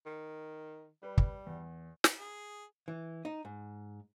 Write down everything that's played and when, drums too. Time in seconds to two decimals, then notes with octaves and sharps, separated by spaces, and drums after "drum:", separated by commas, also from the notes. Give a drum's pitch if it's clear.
0.06 D#3
1.03 G3 B4
1.18 drum: kick
1.47 E2
2.04 drum: snare
2.19 G#4
2.88 E3
3.25 D#4
3.45 G#2